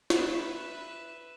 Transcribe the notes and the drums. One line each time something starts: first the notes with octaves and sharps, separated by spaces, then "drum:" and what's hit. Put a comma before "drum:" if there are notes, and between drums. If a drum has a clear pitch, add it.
B4 E5, drum: snare